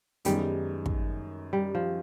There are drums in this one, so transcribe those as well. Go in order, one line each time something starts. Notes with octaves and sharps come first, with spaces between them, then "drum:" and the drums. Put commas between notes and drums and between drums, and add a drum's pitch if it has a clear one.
F#2 D#3 G3 G#3 B3 D#4, drum: hi-hat
drum: kick
G3
F3